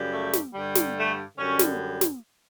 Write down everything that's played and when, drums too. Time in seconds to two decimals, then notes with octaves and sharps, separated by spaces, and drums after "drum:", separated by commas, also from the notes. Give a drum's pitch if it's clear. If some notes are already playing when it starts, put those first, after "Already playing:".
Already playing: F#2 C#3 G3
0.12 A3
0.33 drum: snare
0.54 G2 D3 G3
0.75 drum: snare
0.97 A3
1.38 F#2 D3 G3 C#4
1.59 drum: snare
2.01 drum: snare